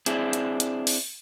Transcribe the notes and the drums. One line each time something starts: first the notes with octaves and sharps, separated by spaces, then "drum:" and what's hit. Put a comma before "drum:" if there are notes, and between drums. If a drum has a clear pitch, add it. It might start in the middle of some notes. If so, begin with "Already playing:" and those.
C4 D4 E4 G#4, drum: hi-hat
drum: hi-hat
drum: hi-hat
drum: open hi-hat